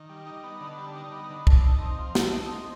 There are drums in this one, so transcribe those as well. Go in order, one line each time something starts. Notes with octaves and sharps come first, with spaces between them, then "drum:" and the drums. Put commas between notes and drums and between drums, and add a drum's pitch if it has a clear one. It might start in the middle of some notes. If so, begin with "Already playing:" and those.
Already playing: D#3
G3
D#4
B3
D3
G3
D#4
B3
D3
A3, drum: kick
D#4
C4
F3
A3, drum: snare
D#4
C4